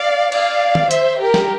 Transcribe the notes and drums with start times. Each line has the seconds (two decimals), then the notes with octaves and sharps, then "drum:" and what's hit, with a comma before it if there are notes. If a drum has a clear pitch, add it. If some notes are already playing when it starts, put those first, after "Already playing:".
Already playing: D5 F5
0.32 D5 F5, drum: cymbal
0.75 drum: tom D#3
0.91 C5 E5, drum: hi-hat
1.20 G4 A#4
1.34 drum: snare